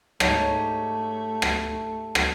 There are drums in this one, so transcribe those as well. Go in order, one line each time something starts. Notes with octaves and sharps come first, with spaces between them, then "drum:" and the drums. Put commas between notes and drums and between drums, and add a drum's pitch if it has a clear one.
G#2 G3 A3 G4 C#5 D#5 A5, drum: rim click
drum: rim click
drum: rim click